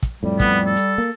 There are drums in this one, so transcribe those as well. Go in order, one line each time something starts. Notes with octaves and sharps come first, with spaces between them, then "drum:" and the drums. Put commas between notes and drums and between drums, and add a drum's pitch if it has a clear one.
drum: kick, hi-hat
F2 A2 G3
B3, drum: kick, hi-hat
A4
drum: hi-hat
A#3